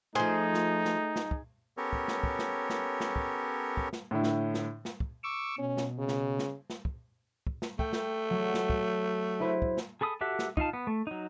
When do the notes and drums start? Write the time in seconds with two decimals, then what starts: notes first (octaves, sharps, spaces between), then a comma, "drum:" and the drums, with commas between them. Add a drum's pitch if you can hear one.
0.15 F3 A3 D#4 G#4 C5
0.54 drum: snare
0.85 drum: snare
1.16 drum: snare
1.31 drum: kick
1.77 B3 C#4 G4 A4 A#4 C#5
1.93 drum: kick
2.08 drum: snare
2.23 drum: kick
2.39 drum: snare
2.70 drum: snare
3.00 drum: snare
3.16 drum: kick
3.77 drum: kick
3.93 drum: snare
4.11 A2 D3 E4
4.23 drum: snare
4.54 drum: snare
4.85 drum: snare
5.00 drum: kick
5.23 C#6 D6 E6
5.59 B2 C#4
5.77 drum: snare
5.98 C#3
6.08 drum: snare
6.39 drum: snare
6.70 drum: snare
6.85 drum: kick
7.47 drum: kick
7.62 drum: snare
7.79 A3 G5, drum: kick
7.93 drum: snare
8.30 F#3
8.54 drum: snare
8.70 drum: kick
9.40 E4 B4 C5
9.62 drum: kick
9.77 drum: snare
10.01 G#4 A4 B5 D#6
10.21 F#4 G4 A4 E5 F#5
10.39 drum: snare
10.57 D#4 F4 F5 A5, drum: kick
10.73 B3
10.87 A3
11.07 F#3 D#4